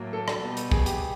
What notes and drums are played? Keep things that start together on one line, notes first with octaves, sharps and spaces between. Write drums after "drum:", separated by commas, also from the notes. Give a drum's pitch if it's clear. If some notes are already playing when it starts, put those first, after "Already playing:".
Already playing: A2 F#3 A#3
A4
drum: rim click
B2 G3 B3
drum: hi-hat
G#4, drum: kick
G4, drum: hi-hat